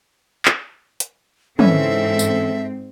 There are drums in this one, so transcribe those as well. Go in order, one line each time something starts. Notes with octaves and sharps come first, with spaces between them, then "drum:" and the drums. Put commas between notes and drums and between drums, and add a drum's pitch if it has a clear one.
drum: clap
drum: hi-hat
G#2 E3 C4 C#4 A4 E5, drum: tom
drum: tambourine